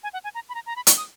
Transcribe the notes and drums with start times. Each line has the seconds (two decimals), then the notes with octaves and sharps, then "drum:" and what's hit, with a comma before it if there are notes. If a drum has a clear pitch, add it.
0.03 G#5
0.13 F#5
0.24 G#5
0.35 A#5
0.49 B5
0.55 A#5
0.66 A#5
0.76 B5
0.87 C#6, drum: hi-hat
0.97 D#6